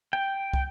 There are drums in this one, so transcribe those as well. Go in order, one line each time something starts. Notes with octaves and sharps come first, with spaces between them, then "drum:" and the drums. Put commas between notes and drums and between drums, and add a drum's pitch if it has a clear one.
G5
drum: kick